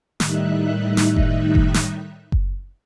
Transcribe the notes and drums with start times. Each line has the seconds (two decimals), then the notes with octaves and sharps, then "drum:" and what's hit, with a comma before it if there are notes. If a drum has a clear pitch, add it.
0.20 A2 D#3 G3 D#4 E5 F#6, drum: snare
0.97 drum: snare
1.16 drum: kick F#1
1.55 drum: kick F#1
1.74 drum: snare
2.32 drum: kick F#1